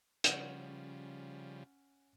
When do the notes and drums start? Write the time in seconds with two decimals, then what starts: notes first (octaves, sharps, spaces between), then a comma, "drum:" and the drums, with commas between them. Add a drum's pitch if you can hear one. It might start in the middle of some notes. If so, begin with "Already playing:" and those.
0.24 C#3 F3 G3 C#4 F#5, drum: hi-hat